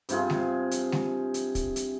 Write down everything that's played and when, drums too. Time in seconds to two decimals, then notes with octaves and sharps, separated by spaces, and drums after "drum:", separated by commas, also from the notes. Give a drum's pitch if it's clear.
0.09 G2 C3 F4 G#4, drum: hi-hat
0.30 drum: snare G#3
0.71 drum: hi-hat
0.92 drum: snare G#3
1.34 drum: hi-hat
1.55 drum: kick, hi-hat
1.76 drum: hi-hat